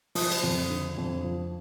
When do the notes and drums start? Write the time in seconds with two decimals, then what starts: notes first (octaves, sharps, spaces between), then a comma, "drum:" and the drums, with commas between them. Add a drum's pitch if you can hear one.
0.15 F3 D#6, drum: open hi-hat
0.32 drum: cymbal
0.43 F2
0.70 D3
0.98 F2
1.24 F3